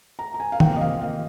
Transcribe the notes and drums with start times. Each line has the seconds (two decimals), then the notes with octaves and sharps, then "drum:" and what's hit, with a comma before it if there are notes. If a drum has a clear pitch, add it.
0.19 A#5
0.34 A#5
0.40 G#5
0.52 F5
0.60 C3 F3 A#3 G5, drum: tom D#3
0.76 D#5
0.81 F5
1.01 F5